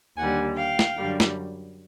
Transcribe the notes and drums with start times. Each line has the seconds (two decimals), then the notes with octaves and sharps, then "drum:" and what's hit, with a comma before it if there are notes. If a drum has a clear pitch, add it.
0.17 D#2 D3 G3 F#5 G#5
0.56 F5 G5
0.79 drum: snare
0.95 F#2 D3 G3
1.20 drum: snare